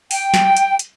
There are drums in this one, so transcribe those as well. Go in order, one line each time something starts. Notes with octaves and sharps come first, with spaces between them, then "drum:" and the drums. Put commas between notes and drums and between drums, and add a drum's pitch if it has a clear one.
G5, drum: open hi-hat
drum: snare
drum: hi-hat
drum: hi-hat